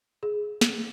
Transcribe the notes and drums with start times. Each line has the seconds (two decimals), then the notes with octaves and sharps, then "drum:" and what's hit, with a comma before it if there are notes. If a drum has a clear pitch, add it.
0.23 G#4
0.61 drum: snare